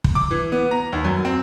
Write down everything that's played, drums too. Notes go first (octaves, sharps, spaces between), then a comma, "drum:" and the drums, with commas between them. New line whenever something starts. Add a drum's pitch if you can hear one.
drum: kick
D6
E3
B3
A#5
D#2
F#2
C4